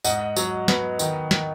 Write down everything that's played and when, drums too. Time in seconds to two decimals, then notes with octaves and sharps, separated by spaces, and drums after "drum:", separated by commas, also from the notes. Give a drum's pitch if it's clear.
0.04 G#2 D#5 F#5, drum: tambourine
0.36 F#3, drum: tambourine
0.68 B3, drum: snare
0.99 D#3, drum: tambourine
1.31 D#3, drum: snare